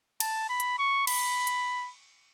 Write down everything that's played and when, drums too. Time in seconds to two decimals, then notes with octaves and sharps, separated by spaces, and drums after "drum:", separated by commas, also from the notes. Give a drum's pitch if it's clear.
0.20 A5, drum: cymbal
0.49 B5
0.60 drum: hi-hat
0.79 C#6
1.07 B5, drum: cymbal
1.47 drum: hi-hat